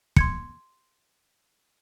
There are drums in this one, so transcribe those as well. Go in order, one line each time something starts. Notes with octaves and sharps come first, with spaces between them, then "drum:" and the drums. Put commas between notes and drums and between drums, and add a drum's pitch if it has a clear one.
C6 G#6 C#7, drum: kick